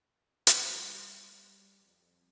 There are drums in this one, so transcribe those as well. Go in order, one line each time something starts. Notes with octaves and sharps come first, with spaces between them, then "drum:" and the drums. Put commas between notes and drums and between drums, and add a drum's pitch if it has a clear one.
drum: hi-hat
G3
F2